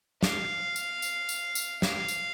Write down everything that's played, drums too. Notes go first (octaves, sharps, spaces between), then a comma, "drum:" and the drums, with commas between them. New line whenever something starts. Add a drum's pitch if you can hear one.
F5, drum: snare
drum: tambourine
drum: tambourine
drum: tambourine
drum: tambourine
F5, drum: snare
drum: tambourine